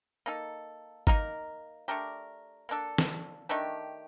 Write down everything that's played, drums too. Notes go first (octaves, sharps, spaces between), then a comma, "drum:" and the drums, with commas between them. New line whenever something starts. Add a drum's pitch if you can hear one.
A#3 D#4 A4
A#3 D#4 A#4, drum: kick G#1
A3 D4 G4 A#4
A#3 D4 A4
drum: snare
D#3 A3 D4 G4